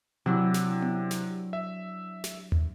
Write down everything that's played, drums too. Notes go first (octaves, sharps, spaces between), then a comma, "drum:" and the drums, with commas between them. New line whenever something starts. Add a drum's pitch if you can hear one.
C3 F#3 D4 E4
drum: snare
drum: tom B3
drum: snare
E5
drum: snare
drum: tom